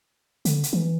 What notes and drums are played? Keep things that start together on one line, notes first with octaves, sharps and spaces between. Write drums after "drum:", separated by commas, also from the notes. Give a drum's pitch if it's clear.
D3, drum: hi-hat
drum: hi-hat
E3